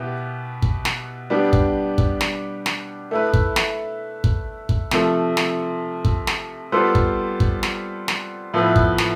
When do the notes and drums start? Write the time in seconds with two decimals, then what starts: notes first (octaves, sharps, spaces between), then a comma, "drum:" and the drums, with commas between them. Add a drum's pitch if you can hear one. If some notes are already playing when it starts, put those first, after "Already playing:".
Already playing: B2 B3 E4 G4
0.62 drum: kick
0.85 drum: snare
1.30 G3 B3 D4 G4
1.53 drum: kick
1.98 drum: kick
2.21 drum: snare
2.66 drum: snare
3.11 A3 E4 B4
3.34 drum: kick
3.56 drum: snare
4.24 drum: kick
4.69 drum: kick
4.91 C3 F3 A3, drum: snare
5.37 drum: snare
6.05 drum: kick
6.27 drum: snare
6.72 G3 B3 F4 A4 C5
6.95 drum: kick
7.40 drum: kick
7.63 drum: snare
8.08 drum: snare
8.54 A2 F3 B3 E4 B4
8.76 drum: kick
8.98 drum: snare